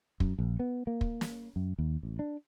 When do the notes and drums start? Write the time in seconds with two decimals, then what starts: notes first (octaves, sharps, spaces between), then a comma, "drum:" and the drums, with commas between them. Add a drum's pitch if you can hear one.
0.20 F#2, drum: kick
0.39 A#1
0.59 B3
0.87 A#3
1.01 drum: kick
1.21 drum: snare
1.56 F#2
1.78 D#2
2.03 A1
2.19 D4